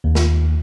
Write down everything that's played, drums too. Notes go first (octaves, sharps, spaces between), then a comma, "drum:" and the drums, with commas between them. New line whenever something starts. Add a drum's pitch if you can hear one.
D#2
drum: snare